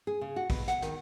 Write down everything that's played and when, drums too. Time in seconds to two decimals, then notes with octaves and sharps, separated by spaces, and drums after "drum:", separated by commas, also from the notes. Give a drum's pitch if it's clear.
0.07 G#4
0.21 C#3
0.36 F#4
0.50 B2, drum: kick, open hi-hat
0.68 F#5, drum: hi-hat
0.82 D#3, drum: hi-hat